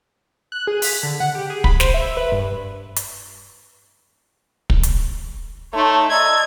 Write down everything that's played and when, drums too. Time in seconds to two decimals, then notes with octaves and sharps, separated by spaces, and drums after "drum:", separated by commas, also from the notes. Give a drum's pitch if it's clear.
0.52 F#6
0.67 G#4
0.82 B6, drum: open hi-hat
1.03 D3
1.20 F#5
1.35 G4
1.50 G#4
1.64 B5, drum: kick
1.80 C5, drum: snare
1.94 E5
2.17 B4
2.32 G2
2.96 drum: hi-hat
4.70 drum: kick
4.83 drum: hi-hat
5.73 A3 D#4 C#5 A5 C6
6.10 D5 D#5 A#5 E6 G#6